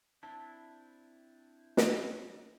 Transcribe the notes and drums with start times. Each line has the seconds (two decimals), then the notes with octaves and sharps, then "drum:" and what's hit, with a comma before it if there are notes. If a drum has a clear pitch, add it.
0.23 C4 D4 E4 A5
1.77 drum: snare